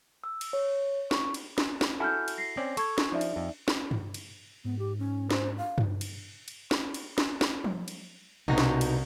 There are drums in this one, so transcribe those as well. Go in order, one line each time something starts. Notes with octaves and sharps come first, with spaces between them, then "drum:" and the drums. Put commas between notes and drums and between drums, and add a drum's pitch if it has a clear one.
E6
drum: cymbal
C#5
C#6, drum: snare
drum: cymbal
drum: snare
drum: snare
E4 F#4 A4 G#5 F6 G6
drum: cymbal
A#6 C7
C4 C#4 D5
A4 C#6 G#6, drum: cymbal
drum: snare
F3 D#4 D5 E5
drum: cymbal
F2
drum: snare
drum: tom G2
drum: cymbal
G#2 B3
G4
C#4
C5, drum: snare
F5
drum: tom G2
drum: cymbal
drum: cymbal
drum: snare
drum: cymbal
drum: snare
drum: snare
drum: tom F3
drum: cymbal
C2 B2 D#4 F#4 A#6
drum: snare
drum: cymbal